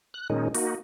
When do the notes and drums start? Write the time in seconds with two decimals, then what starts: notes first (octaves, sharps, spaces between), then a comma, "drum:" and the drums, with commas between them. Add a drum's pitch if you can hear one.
0.14 F#6
0.30 A#2 D#3 G#3 C#4 D#4
0.54 A#3 D#4 F#4, drum: open hi-hat